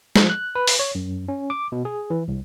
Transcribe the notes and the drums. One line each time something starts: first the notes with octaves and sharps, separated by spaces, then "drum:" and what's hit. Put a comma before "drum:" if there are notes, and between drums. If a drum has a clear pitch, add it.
F3, drum: snare G#3
F#6
B4
drum: open hi-hat
C#5
F#2
C#4
D6
B2
G#4
E3
C2